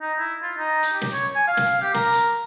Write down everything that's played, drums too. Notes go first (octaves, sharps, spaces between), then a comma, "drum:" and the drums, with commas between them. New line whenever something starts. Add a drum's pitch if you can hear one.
D#4
E4
F4
D#4
drum: hi-hat
G4
drum: snare
C#5
G#5
F5
drum: snare
G4
A#4, drum: snare
drum: hi-hat